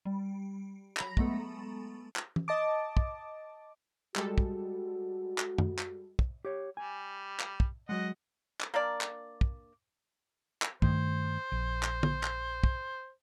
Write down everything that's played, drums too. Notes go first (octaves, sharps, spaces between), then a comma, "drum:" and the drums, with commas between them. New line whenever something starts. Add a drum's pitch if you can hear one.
G3
F#3 A#5 B5 A#6, drum: clap
G#3 A3 B3 A4, drum: kick
drum: clap
drum: tom E3
D#5 A5 D6
drum: kick
G3 G#3 F#4 A4, drum: clap
drum: kick
drum: clap
drum: tom F#2
drum: clap
drum: kick
G4 C#5
G3 G#5
drum: clap
drum: kick
F#3 G#3 D#5 F#5
drum: clap
A#3 D4 A#4 D5
drum: clap
drum: kick
drum: clap
G2 D#3 A3 C5, drum: kick
A#1
drum: clap
drum: tom D3
drum: clap
drum: kick